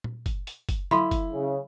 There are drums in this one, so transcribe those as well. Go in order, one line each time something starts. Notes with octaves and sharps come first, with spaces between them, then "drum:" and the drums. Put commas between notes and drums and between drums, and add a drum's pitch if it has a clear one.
drum: tom A#2
drum: kick F#1, hi-hat
drum: hi-hat
drum: kick F#1, hi-hat
F#3 E4 A4 F5 B5 C6, drum: tom D3
drum: kick F#1, hi-hat
C#3